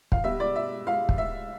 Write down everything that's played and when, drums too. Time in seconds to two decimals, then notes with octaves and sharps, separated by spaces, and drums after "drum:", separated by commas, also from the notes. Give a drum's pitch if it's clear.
0.12 F5, drum: kick
0.24 B2 G3 E5
0.40 D5
0.56 E5
0.87 F5
1.09 drum: kick
1.18 E5